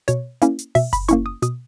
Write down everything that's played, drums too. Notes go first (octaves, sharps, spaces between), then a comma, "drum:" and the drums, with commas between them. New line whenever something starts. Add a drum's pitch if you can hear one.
B2 C#5, drum: hi-hat
A#3 C#4 E4, drum: hi-hat
drum: hi-hat
B2 E5, drum: open hi-hat
B5, drum: kick F#1, hi-hat
A#3 C#4 E4 C#6, drum: hi-hat
D#6
B2 D#6, drum: hi-hat